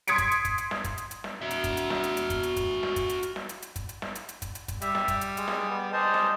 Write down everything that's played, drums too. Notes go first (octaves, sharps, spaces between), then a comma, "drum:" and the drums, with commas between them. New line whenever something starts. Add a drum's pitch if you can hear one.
C6 D#6 G#6 B6 C#7 D7, drum: hi-hat
drum: kick, hi-hat
drum: hi-hat
drum: kick, hi-hat
drum: hi-hat
drum: snare
drum: kick, hi-hat
drum: hi-hat
drum: hi-hat
drum: snare
F#4 E5
drum: hi-hat
drum: kick, hi-hat
drum: hi-hat
drum: snare
drum: hi-hat
drum: hi-hat
drum: kick, hi-hat
drum: hi-hat
drum: kick, hi-hat
drum: snare
drum: kick, hi-hat
drum: hi-hat
drum: hi-hat
drum: snare
drum: hi-hat
drum: hi-hat
drum: kick, hi-hat
drum: hi-hat
drum: snare
drum: hi-hat
drum: hi-hat
drum: kick, hi-hat
drum: hi-hat
drum: kick, hi-hat
G3 E5, drum: hi-hat
drum: snare
drum: kick, hi-hat
drum: hi-hat
G#3, drum: hi-hat
drum: snare
B3
G3 G#4 C5 D#5 A5
drum: snare